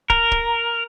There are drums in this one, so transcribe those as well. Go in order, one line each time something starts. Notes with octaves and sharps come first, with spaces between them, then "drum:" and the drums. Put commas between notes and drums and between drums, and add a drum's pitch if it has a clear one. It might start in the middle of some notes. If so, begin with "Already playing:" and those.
A#4, drum: kick
drum: kick